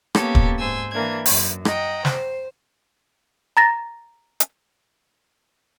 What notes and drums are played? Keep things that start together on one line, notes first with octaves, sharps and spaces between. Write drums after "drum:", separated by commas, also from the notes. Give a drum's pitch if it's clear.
A#3 B3 C#4 G4 A4 C#5, drum: rim click
drum: kick
G#2 C5 G#5 E6
E3 A#3 D4 G#6
F#2, drum: open hi-hat
D#5 F#5 G5 A#5, drum: rim click
C5, drum: snare
A#5 A6 A#6
drum: hi-hat